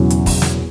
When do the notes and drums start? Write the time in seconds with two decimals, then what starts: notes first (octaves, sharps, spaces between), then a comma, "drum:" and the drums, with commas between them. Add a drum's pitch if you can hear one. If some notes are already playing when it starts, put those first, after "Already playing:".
Already playing: E1 E2 C#3 F#3
0.10 drum: hi-hat
0.26 drum: kick, open hi-hat
0.42 drum: snare